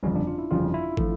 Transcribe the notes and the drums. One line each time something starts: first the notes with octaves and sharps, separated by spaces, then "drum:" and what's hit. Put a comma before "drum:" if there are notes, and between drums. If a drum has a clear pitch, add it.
G1 F2 C#3 F3 C#4
D4
F4
E4
G1 F2 C#3 F3 F4
E4
F3 A3, drum: kick